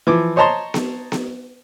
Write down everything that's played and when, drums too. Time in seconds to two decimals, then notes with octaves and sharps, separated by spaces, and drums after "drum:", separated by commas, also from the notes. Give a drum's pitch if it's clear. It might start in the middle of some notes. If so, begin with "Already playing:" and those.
0.07 E3 F3 D6
0.36 C5 C#5 D#5 A5 A#5 C6
0.74 drum: snare B3
1.12 drum: snare B3